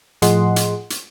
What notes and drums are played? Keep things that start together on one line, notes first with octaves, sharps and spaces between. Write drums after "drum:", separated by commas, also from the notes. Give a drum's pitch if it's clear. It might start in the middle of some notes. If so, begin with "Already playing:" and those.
A2 F3 G#4 D#5 F#5 C6, drum: hi-hat
drum: hi-hat
drum: hi-hat